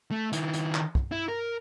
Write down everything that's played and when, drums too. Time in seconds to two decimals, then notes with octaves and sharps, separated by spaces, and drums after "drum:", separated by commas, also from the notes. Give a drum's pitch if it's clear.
0.11 A3
0.33 D#3 E4, drum: hi-hat
0.54 drum: hi-hat
0.74 drum: clap
0.95 drum: kick
1.12 E4
1.29 A#4